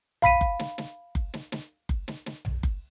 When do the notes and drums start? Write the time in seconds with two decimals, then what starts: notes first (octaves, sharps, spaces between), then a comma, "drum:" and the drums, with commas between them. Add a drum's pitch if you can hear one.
0.22 F5 B5 B6 D#7, drum: tom B1
0.41 drum: kick F#1
0.59 drum: snare
0.78 drum: snare
1.15 drum: kick F#1
1.34 drum: snare
1.52 drum: snare
1.89 drum: kick F#1
2.08 drum: snare
2.26 drum: snare
2.45 drum: tom B1
2.63 drum: kick F#1